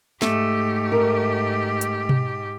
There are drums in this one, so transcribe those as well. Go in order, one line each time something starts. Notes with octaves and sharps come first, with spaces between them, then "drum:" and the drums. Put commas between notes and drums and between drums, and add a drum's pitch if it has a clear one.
G#2 A3 G4, drum: snare
A4 A#4
drum: hi-hat
drum: tom B2